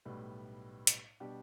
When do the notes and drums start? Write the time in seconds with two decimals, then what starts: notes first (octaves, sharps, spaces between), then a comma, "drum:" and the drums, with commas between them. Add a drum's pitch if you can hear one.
0.05 B1 A2 G3 B3
0.87 drum: hi-hat
1.20 B2 G3 D4 G4